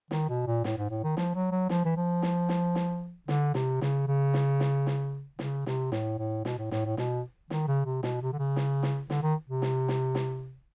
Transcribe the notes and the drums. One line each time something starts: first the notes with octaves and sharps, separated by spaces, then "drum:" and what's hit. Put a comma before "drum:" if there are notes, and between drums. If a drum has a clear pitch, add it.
D#3, drum: snare
B2
A#2
A2, drum: snare
G#2
A2
D#3
F3, drum: snare
F#3
F#3
F3, drum: snare
E3
F3
drum: snare
drum: snare
drum: snare
D3, drum: snare
C3, drum: snare
C#3, drum: snare
C#3
drum: snare
drum: snare
drum: snare
C#3, drum: snare
C3, drum: snare
A2, drum: snare
A2
B2, drum: snare
A2
A2, drum: snare
A2
B2, drum: snare
D#3, drum: snare
C#3
C3
B2, drum: snare
C3
D3
C#3
drum: snare
drum: snare
D3, drum: snare
D#3
C3
drum: snare
drum: snare
drum: snare